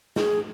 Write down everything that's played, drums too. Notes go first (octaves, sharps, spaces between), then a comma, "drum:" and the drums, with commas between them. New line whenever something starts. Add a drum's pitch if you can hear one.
G#4, drum: snare